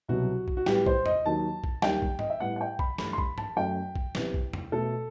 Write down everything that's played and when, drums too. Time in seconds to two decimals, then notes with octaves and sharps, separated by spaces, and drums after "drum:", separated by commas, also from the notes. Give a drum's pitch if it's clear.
0.09 C2 B2 F#3 F#4
0.48 drum: kick A#1
0.57 F#4
0.66 A2 G3 B3 G4, drum: snare
0.86 C5, drum: kick A#1
1.06 D#5, drum: tom E2
1.26 D#2 D#3 F#3 A5
1.64 drum: kick A#1
1.82 D#2 D#3 G3 G5, drum: snare
2.02 drum: kick A#1
2.19 D#5, drum: tom G2
2.30 E5
2.40 A2 G3 B3 F#5
2.56 F#5
2.61 G5
2.79 B5, drum: kick A#1
2.98 G2 E3 A3 B5, drum: snare
3.13 C6
3.18 B5, drum: kick A#1
3.38 A5, drum: tom G2
3.56 F#2 F#3 A3 G5
3.96 drum: kick A#1
4.15 C2 C3 E3 B3, drum: snare
4.34 drum: kick A#1
4.53 drum: tom E2
4.72 B2 A3 A4